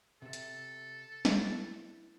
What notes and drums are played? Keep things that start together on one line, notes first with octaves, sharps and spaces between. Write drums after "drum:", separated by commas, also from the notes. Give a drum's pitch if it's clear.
C3 A4 E5
drum: hi-hat
D4 E4 B4, drum: snare